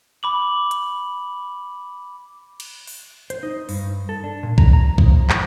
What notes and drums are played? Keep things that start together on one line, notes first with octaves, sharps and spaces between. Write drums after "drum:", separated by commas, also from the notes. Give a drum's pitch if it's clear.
B5 D6 F#7
drum: hi-hat
drum: cymbal
drum: open hi-hat
C5, drum: hi-hat
D#4
G2, drum: open hi-hat
A4
D4
A#2
A#5, drum: kick B1
A#5
F3, drum: kick B1
G#2, drum: clap